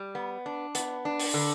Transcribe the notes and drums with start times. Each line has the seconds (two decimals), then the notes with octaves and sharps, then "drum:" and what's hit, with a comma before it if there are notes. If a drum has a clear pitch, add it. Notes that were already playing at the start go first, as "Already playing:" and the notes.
Already playing: G3
0.15 B3
0.46 D4
0.75 B3, drum: hi-hat
1.05 D4
1.19 drum: open hi-hat
1.34 D3